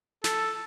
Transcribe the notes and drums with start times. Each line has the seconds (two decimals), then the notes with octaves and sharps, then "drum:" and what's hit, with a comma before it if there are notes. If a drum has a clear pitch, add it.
0.24 A4, drum: snare